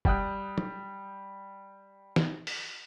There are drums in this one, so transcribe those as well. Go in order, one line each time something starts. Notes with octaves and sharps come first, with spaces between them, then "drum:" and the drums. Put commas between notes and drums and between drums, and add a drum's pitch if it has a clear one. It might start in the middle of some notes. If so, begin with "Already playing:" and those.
G3 G5 D#6 F#6, drum: kick
drum: tom
drum: snare
drum: open hi-hat